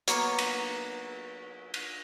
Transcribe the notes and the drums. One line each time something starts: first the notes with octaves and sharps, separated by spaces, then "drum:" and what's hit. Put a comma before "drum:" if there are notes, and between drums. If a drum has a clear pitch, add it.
F#3 A#3 B3 C#5, drum: hi-hat
drum: cymbal
drum: cymbal